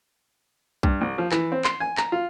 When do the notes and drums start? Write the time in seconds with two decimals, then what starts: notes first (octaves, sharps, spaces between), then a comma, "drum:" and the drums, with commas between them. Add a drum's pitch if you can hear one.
0.83 G2, drum: kick B1
1.01 C2
1.18 F3
1.32 E3, drum: clap
1.52 C4
1.64 C6, drum: clap
1.80 G#5
1.97 A#5, drum: clap
2.12 F4